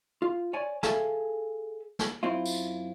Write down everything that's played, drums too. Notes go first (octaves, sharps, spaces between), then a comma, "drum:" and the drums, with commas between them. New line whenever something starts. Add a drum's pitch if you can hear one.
F4
C#5 D5 G#5
G#4 A4 E5 F5 G#5 A5, drum: snare
drum: snare
F#2 C4 E4 F4
drum: tambourine